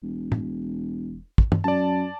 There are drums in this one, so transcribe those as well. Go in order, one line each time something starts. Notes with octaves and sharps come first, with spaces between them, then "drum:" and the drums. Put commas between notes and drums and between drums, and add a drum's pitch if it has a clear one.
E1
drum: tom
drum: kick
drum: tom
F#2 D5 A5